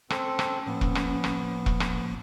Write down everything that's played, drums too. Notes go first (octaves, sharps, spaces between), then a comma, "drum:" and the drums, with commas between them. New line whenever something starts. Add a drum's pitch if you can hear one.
C4 C#4 A4, drum: rim click
drum: rim click
A2 F3 A#3 B3
drum: kick E1
drum: rim click
drum: rim click
drum: kick E1
drum: rim click